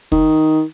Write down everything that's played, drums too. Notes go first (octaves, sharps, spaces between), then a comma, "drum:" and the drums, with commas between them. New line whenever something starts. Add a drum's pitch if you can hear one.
D#3, drum: kick